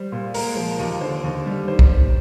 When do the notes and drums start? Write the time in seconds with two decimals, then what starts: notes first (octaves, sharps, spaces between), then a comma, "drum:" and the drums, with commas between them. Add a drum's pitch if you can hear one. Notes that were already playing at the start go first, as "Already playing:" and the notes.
Already playing: G3 C5
0.12 A#2
0.34 G#3 A#4, drum: open hi-hat
0.57 F3
0.79 D#2
1.01 D3 C5
1.24 D#2
1.46 G3
1.68 D#3 C5
1.79 drum: kick
1.91 D#3